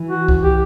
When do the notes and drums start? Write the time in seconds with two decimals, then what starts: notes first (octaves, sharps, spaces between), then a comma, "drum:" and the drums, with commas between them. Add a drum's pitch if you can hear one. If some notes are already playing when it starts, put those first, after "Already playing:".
Already playing: E3
0.09 F#4
0.28 drum: kick C2
0.43 G4